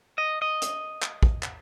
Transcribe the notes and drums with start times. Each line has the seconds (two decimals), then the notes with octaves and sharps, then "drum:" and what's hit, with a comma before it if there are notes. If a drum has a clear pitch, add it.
0.18 D#5
0.42 D#5
0.62 drum: hi-hat
1.02 drum: clap
1.23 drum: kick
1.43 drum: clap